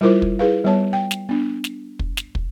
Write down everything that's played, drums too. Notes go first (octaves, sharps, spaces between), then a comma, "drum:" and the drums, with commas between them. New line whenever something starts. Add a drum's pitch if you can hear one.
G3 E4 F4 A#4 C5 D6
drum: kick
E4 G#4 B4 F5
G3 B3 C#5 A5
G5
drum: snare
B3 D4
drum: snare
drum: kick
drum: snare
drum: kick